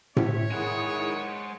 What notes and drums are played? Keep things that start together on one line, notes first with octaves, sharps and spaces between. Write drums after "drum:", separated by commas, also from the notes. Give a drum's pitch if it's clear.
C4 C#5 E5, drum: tom A2
D#3 G#3 E4 G#4 F#5